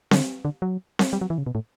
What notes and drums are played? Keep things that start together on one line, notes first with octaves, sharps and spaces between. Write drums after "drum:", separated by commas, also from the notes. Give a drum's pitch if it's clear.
D3, drum: snare C4
D3
F#3
drum: snare C4
G3
F#3
E3
C#3
B2
A2